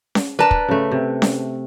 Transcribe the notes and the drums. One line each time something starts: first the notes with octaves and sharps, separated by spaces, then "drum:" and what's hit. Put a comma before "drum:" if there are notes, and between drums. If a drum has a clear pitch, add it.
drum: snare C#4
D4 A#4 B4 A5
drum: kick
C#3 A3
C3
drum: snare C#4